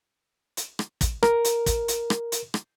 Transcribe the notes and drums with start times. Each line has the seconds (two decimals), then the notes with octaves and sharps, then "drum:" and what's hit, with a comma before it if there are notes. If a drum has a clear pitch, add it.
0.57 drum: hi-hat
0.79 drum: rim click
1.01 drum: kick, hi-hat
1.23 A#4, drum: rim click
1.44 drum: hi-hat
1.66 drum: kick, hi-hat
1.88 drum: hi-hat
2.10 drum: rim click
2.32 drum: hi-hat
2.54 drum: rim click